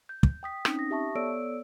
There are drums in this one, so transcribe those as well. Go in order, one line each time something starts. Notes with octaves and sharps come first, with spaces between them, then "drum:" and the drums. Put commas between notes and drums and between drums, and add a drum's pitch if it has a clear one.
G6
drum: kick
G5 D#6 B6
C4 C#4 D#4, drum: rim click
D#6 A#6
G4 E5 A5 C#6
B3 A4 C#5 D5 E6 D7